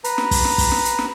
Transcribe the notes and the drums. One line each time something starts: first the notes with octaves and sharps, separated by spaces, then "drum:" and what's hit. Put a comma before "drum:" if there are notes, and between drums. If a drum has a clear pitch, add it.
B4 A#5, drum: hi-hat
drum: snare
drum: kick, open hi-hat
drum: snare
drum: kick, open hi-hat
drum: snare
drum: hi-hat
drum: snare